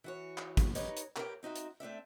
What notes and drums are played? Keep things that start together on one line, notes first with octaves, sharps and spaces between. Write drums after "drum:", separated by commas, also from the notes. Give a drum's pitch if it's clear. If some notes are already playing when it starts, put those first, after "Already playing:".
E3 F#4 C#5
drum: clap
drum: kick G#1, hi-hat
D#4 G4 B4 C#5 D#5, drum: hi-hat
drum: hi-hat
G4 A#4 B4 C#5 F5 G5, drum: clap
C4 D#4 F#4 E5
drum: hi-hat
A3 C4 D4 E5